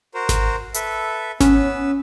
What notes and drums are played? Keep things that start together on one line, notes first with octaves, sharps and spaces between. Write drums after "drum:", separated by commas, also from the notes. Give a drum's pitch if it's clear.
F#4 A#4 C5
drum: snare G#1
A4 B4 E5, drum: hi-hat
B3 C#4 B4 E6, drum: snare G#1